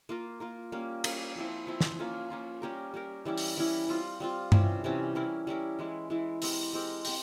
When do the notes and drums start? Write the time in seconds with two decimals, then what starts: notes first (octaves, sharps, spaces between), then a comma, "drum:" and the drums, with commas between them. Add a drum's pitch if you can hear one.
0.09 A#3 F4 A#4
0.40 A#3 F4 A#4
0.72 G3 A#3 C#4
1.04 G3 A#3 C#4, drum: cymbal
1.36 F3 C4 E4
1.67 F3 C4 E4
1.81 drum: snare
1.99 A#3 C#4 F4
2.30 A#3 C#4 F4
2.62 G3 C#4 G4 A#4
2.94 G3 C#4 G4 A#4
3.25 E3 G3 C#4 E4
3.38 drum: open hi-hat
3.57 E3 G3 C#4 E4
3.89 G3 C4 F4
4.20 G3 C4 F4
4.52 C3 E3 G3 C#4, drum: tom G2
4.84 C3 E3 G3 C#4
5.15 G3 C#4 E4 A#4
5.47 G3 C#4 E4 A#4
5.79 E3 G#3 E4
6.10 E3 G#3 E4
6.42 G#3 C4 G4 A#4, drum: open hi-hat
6.73 G#3 C4 G4 A#4
7.05 C4 G4, drum: open hi-hat